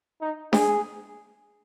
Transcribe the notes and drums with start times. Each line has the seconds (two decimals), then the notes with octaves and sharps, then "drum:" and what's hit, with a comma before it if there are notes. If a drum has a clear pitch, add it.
0.21 D#4
0.53 G#4, drum: snare D4